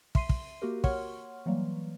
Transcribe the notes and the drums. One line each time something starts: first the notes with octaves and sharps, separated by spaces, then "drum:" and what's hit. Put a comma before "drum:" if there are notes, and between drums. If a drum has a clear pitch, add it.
E5 C6 C7 D#7, drum: kick
drum: kick
A#3 F#4 G4 A#4
C#5 F#5 C6 C#6 F6, drum: kick
E3 F#3 G3 A#3